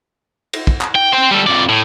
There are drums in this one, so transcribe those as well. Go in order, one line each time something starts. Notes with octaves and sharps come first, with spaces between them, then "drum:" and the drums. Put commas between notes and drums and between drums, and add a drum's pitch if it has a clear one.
drum: cymbal
drum: kick
drum: clap
G5
C5 G5
G3 A4
F2 D5
A2